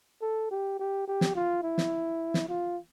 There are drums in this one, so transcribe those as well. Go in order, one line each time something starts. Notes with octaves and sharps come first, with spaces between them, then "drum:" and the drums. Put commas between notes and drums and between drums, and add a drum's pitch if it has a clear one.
A4
G4
G4
G4
drum: snare
F4
E4
drum: snare
drum: snare
F4